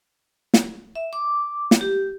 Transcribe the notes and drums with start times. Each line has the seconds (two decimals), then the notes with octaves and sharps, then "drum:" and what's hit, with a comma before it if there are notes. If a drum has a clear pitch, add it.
0.54 drum: snare
0.95 E5
1.13 D6
1.71 drum: snare
1.81 G4